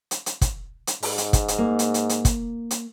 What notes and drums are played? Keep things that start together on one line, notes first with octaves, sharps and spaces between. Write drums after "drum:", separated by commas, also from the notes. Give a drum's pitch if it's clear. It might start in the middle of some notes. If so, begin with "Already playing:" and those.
drum: hi-hat
drum: hi-hat
drum: kick, hi-hat
drum: hi-hat
G#2, drum: open hi-hat
drum: hi-hat
drum: kick, hi-hat
drum: hi-hat
A#3
drum: hi-hat
drum: hi-hat
drum: hi-hat
drum: kick, hi-hat
drum: hi-hat